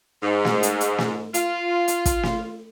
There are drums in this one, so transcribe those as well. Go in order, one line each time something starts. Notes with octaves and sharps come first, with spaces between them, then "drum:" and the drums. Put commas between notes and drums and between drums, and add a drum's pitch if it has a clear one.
G#2
drum: snare
drum: hi-hat
drum: hi-hat
drum: snare
F4, drum: hi-hat
drum: hi-hat
drum: kick, hi-hat
drum: snare